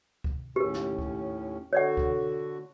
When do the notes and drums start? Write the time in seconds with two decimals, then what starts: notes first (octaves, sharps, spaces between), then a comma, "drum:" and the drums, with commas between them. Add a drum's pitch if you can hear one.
0.24 drum: kick C#2
0.56 D#2 A2 C#4 G4 A#4
0.74 drum: snare
0.98 drum: kick C#2
1.73 D3 F#4 C#5 D5 F#5
1.97 drum: kick C#2